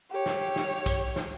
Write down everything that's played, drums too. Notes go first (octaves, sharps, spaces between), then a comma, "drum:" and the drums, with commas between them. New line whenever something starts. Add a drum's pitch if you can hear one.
G4 C#5
drum: snare
drum: snare
drum: kick B1, hi-hat
drum: snare